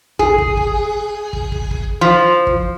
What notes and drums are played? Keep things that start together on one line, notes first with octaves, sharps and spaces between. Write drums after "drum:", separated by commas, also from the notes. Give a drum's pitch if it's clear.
G#4, drum: kick
drum: kick
drum: kick
drum: kick
drum: kick
drum: kick
F3
drum: kick